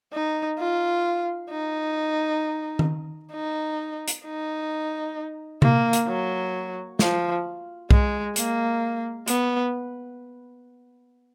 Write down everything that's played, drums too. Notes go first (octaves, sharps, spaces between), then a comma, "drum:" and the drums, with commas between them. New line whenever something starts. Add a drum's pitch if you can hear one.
D#4
F4
D#4
drum: tom D#3
D#4
drum: hi-hat
D#4
A#3, drum: tom C3
drum: hi-hat
F#3
F3, drum: snare
G#3, drum: kick B1
A#3, drum: hi-hat
B3, drum: hi-hat